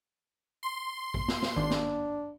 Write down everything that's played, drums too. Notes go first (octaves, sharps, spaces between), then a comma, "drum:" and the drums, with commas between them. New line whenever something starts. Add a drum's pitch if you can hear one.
C6
drum: kick A1
drum: snare
drum: snare
G#1 D4
drum: snare